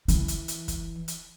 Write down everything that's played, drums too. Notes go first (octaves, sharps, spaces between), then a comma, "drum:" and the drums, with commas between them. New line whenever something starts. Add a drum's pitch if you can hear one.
E3, drum: hi-hat
drum: hi-hat
drum: hi-hat
drum: kick, hi-hat
drum: hi-hat